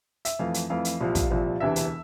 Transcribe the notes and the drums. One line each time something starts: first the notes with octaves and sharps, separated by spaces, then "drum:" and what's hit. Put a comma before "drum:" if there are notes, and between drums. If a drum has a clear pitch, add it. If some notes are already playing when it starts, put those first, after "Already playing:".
E5, drum: hi-hat
F2 E3 A3 F5
drum: hi-hat
F2 E3 A3 F5
drum: hi-hat
C2 A#2 F3
drum: kick, hi-hat
C2 A#2 F3
E1 D2 C3 E3 E5
drum: hi-hat